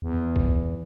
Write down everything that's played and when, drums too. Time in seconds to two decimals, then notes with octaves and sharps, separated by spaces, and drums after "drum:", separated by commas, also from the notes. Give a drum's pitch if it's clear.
0.02 E2
0.36 drum: kick